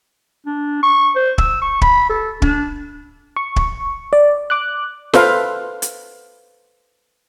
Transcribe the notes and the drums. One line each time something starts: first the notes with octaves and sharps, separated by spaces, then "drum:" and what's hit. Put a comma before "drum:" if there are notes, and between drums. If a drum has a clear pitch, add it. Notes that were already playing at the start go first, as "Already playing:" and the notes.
D4
C#6
C5
E6, drum: kick
C#6
B5, drum: kick
A4
D4, drum: kick
C#6
drum: kick
D5
D6 F#6
A4 B4 C5 F5, drum: snare
drum: hi-hat